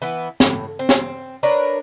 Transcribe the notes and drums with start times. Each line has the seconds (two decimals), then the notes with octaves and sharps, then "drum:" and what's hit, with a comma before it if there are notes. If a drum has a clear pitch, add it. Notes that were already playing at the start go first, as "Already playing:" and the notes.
0.02 E3 B3
0.40 A2, drum: snare
0.79 C4
0.89 drum: snare
1.43 D4 A#4 B4 C#5